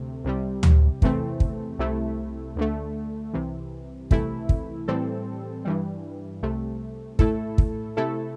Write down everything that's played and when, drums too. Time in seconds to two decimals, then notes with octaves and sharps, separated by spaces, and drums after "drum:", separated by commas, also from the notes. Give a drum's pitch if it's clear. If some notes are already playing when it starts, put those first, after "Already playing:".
Already playing: D2 C3 A3
0.24 C2 C3 G3
0.63 drum: tom D2
1.02 E2 C3 E3 A3 C4, drum: kick
1.40 drum: kick
1.79 C2 C3 A3 E4
2.56 D2 D3 A3
3.34 C2 C3 E3
4.11 C2 C3 E3 A3 E4, drum: kick
4.49 drum: kick
4.88 A2 E3 G3 C4 A4
5.65 G2 E3 G3
6.43 C2 C3 A3
7.19 A2 A3 E4 A4, drum: kick
7.58 drum: kick
7.97 C3 A3 E4 A4